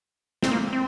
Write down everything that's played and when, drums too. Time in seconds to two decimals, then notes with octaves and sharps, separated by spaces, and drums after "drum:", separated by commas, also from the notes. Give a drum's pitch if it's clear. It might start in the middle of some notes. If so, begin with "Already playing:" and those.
0.42 C4, drum: snare
0.51 A#3
0.73 C4